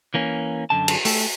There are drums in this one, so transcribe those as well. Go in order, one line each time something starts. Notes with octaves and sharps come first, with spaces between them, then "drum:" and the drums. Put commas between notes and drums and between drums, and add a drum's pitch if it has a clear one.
E3 A#3 C#4
F#2 D3 A5
drum: cymbal
A3 G4 A4, drum: open hi-hat